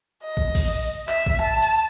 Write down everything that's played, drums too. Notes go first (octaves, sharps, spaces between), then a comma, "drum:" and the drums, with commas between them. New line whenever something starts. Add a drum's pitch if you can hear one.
D#5
drum: kick
drum: kick, open hi-hat
E5, drum: clap
drum: kick
A5
drum: hi-hat